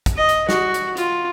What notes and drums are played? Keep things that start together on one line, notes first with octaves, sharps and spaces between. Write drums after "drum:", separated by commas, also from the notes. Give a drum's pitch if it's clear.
drum: kick, hi-hat
D#5
drum: hi-hat
F#4, drum: snare
drum: hi-hat
F4, drum: hi-hat